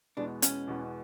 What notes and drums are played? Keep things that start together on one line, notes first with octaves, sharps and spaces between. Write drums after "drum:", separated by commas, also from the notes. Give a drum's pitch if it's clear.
E2 B2 G#3 B3 D4
C#4, drum: hi-hat
E2 B2 G#3 B3